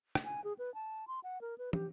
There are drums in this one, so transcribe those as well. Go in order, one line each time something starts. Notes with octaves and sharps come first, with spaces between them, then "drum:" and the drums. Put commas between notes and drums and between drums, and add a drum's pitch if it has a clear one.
drum: rim click
G#5
G#4
B4
A5
C6
F#5
A#4
B4
G4, drum: tom